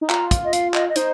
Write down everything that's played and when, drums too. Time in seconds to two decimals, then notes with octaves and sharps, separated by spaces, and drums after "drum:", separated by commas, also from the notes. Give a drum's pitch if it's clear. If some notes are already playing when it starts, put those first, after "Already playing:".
0.01 D#4
0.10 F4 A#5, drum: clap
0.31 drum: kick, hi-hat
0.45 D#5
0.53 F5, drum: hi-hat
0.74 D#5, drum: clap
0.89 D#5
0.96 D#4 C5, drum: hi-hat